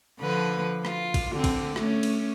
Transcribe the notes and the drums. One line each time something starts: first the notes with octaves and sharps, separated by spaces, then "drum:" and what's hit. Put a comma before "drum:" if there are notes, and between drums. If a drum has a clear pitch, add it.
D3 F3 B4
F4, drum: rim click
drum: kick A1, cymbal
D3 C4
drum: kick A1, cymbal
A3 C#4, drum: rim click
drum: cymbal